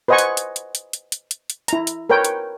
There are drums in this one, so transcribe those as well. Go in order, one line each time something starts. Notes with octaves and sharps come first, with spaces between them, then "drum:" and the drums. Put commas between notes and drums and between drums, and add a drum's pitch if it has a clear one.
B4 C5 D#5 F#5 G#5 C#6
drum: hi-hat
drum: hi-hat
drum: hi-hat
drum: hi-hat
drum: hi-hat
drum: hi-hat
drum: hi-hat
drum: hi-hat
E4 A#5, drum: hi-hat
drum: hi-hat
A#4 B4 C#5 G5
drum: hi-hat